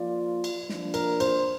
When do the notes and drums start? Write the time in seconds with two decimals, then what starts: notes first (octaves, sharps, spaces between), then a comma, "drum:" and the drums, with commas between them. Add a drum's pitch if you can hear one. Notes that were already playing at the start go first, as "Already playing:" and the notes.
Already playing: F3 A#3 F4 D5
0.44 drum: cymbal
0.69 F3 A#3 D4, drum: snare
0.94 A#4, drum: cymbal
1.20 C5, drum: cymbal